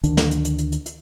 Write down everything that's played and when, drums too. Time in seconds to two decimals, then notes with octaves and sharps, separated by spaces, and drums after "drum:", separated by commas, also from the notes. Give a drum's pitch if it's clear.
0.03 D2 D#3 D4, drum: hi-hat
0.17 drum: snare
0.31 drum: hi-hat
0.45 drum: hi-hat
0.58 drum: hi-hat
0.72 drum: hi-hat
0.86 drum: hi-hat